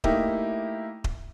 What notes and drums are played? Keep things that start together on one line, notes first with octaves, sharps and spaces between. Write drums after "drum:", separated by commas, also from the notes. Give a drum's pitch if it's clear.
A3 A#3 D#4 E4 G4, drum: kick D#1
drum: kick D#1